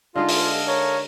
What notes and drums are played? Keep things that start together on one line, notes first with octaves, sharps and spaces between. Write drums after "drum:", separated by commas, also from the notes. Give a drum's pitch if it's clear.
D3 G#3 D#4 F4 A4 D#5 F5
drum: open hi-hat
A#4 C#5